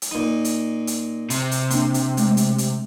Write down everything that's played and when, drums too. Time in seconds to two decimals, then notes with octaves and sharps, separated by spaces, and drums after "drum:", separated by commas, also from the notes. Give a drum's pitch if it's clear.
0.02 drum: hi-hat
0.11 A#2 D#4
0.45 drum: hi-hat
0.87 drum: hi-hat
1.30 C3, drum: hi-hat
1.51 drum: hi-hat
1.70 A#3 D4 C6, drum: hi-hat
1.94 drum: hi-hat
2.17 G#3 A3, drum: hi-hat
2.37 drum: hi-hat
2.58 drum: hi-hat